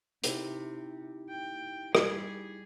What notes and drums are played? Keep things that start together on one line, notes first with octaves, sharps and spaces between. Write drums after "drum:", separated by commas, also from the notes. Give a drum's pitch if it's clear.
C3 D#4 E4 G4, drum: hi-hat
G5
G3 G#4, drum: rim click